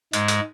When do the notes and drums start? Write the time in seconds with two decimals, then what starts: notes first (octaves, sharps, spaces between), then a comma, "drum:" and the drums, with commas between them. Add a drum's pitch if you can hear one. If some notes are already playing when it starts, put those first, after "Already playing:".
0.13 G#2 G#3, drum: hi-hat
0.28 drum: hi-hat